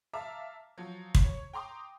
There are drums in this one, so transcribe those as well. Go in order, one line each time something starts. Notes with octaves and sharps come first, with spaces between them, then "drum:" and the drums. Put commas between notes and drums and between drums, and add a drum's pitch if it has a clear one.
E5 F5 A5 A#5 D6
F3 F#3
drum: kick
C#5
G5 A#5 C6 D6 D#6